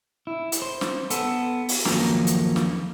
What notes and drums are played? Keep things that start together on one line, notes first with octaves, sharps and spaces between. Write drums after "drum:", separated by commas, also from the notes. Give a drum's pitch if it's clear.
E4
drum: hi-hat
C5
drum: snare
B3 A4, drum: hi-hat
drum: open hi-hat
D#2 F3 F#3 A#3 A4 A#5, drum: snare
drum: hi-hat
drum: snare